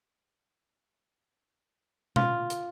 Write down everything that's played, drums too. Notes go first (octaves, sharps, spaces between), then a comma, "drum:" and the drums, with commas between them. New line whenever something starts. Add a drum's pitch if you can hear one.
F4, drum: tom B2
drum: hi-hat